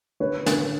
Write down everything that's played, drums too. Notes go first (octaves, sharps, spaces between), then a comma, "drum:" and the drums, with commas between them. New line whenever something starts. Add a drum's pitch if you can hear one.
D3 B4 C#5
D3, drum: snare